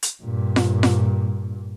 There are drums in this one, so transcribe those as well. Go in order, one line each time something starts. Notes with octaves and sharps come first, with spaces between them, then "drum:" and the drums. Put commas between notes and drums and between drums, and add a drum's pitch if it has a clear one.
drum: hi-hat
G2 A#2
drum: snare F4
drum: snare F4